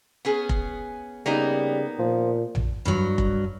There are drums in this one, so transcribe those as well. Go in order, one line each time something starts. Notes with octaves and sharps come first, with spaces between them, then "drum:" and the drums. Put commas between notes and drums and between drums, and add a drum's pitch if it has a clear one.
B3 C#4 G#4
drum: kick F1
C#3 G3 A#3 B3 D#4
A#2 F3
drum: tom A#1
G2 F#3
drum: kick F1